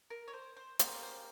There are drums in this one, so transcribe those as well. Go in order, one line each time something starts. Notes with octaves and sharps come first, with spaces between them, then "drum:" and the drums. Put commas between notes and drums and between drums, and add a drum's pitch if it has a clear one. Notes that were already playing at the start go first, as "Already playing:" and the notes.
A#4
C#5
C5
C5
A#3 C#4 G4 A#4 C5, drum: hi-hat
C5